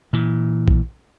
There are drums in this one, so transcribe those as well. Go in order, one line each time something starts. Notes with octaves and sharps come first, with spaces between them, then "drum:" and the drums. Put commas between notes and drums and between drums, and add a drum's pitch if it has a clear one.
A#2 E3
drum: kick A#1